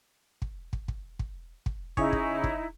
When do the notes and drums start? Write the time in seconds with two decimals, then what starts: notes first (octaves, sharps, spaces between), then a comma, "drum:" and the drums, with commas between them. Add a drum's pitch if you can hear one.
0.42 drum: kick
0.73 drum: kick
0.88 drum: kick
1.19 drum: kick
1.66 drum: kick
1.97 C#3 D#4 E4 G#4 C#5, drum: kick
2.13 drum: kick
2.44 drum: kick